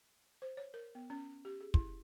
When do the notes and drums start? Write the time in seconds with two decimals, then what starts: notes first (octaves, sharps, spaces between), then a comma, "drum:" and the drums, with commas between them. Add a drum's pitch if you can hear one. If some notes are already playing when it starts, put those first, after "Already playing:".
0.42 C5
0.57 C#5
0.74 A#4
0.95 B3
1.10 C#4
1.45 G4
1.61 G#4
1.74 E4, drum: kick